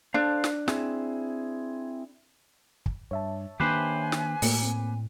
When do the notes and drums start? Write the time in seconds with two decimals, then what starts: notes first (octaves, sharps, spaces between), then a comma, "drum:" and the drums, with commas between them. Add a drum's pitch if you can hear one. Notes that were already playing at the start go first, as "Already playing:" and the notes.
0.14 D4 A4 C5 F5
0.44 drum: snare
0.68 C4 E4 G#4, drum: snare
2.86 drum: kick
3.11 G2 C#5 E5 A5
3.60 D#3 A#3 D4 G4 B4 C5 G#5
4.12 drum: snare
4.42 A2 A3 A#3 F#4, drum: open hi-hat
4.63 A#3 C4